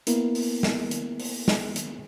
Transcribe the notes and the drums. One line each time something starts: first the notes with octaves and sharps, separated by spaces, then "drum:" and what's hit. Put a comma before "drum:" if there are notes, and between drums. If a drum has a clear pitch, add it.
A#3 B3 E4 A#4, drum: hi-hat
drum: open hi-hat
drum: snare
drum: hi-hat
drum: open hi-hat
drum: snare
drum: hi-hat